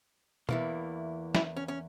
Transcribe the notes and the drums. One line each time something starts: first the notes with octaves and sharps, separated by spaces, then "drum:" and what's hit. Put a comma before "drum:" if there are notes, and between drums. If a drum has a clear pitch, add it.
E2 E3 A#3, drum: tom
E4, drum: snare
C#4
C#4